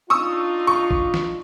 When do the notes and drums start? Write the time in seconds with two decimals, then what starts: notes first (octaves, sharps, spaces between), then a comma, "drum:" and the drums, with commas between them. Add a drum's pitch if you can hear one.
0.10 D4 D#4 F4 C#6 D#6 E6
0.67 C#6
0.91 drum: kick
1.14 drum: snare